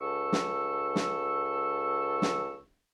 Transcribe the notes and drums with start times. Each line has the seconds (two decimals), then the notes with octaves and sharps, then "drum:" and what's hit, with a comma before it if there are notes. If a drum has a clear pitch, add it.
0.01 C#2 A4 C#6 E6
0.32 drum: snare
0.96 drum: snare
2.22 drum: snare